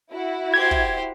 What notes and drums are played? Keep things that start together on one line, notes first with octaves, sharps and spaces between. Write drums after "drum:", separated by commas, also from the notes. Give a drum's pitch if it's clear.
E4 F#4
G4 C5 G#6
drum: kick